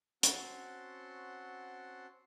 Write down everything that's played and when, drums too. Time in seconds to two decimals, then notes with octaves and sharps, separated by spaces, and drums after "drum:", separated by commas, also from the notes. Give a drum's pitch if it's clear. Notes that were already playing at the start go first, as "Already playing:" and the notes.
0.23 C4 C#4 F#4 F#5 A5 C6, drum: hi-hat